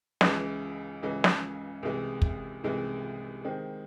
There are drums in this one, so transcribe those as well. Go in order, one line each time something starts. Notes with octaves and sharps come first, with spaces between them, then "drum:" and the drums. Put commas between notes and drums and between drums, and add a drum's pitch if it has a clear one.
C#2 C#3 E3 G#3, drum: snare
C#2 C#3 E3 G#3
drum: snare
C2 C3 E3 G#3
drum: kick
C2 C3 E3 G#3
D#3 G#3 C4